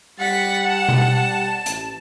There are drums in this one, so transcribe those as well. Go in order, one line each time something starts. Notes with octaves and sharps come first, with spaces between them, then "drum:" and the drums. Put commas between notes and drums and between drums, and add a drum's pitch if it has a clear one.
G3 F#5 A6 B6
A5
drum: tom B2
A1, drum: hi-hat